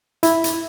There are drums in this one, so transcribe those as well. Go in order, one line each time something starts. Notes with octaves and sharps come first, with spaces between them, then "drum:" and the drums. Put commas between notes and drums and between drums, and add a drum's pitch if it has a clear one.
E4, drum: hi-hat
drum: hi-hat